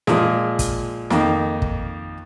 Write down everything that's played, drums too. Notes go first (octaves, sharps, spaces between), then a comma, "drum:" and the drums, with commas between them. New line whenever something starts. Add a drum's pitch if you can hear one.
A#2 F3 G#3 G#4, drum: snare
drum: kick, hi-hat
F2 D#3 A#3 D#4, drum: snare
drum: kick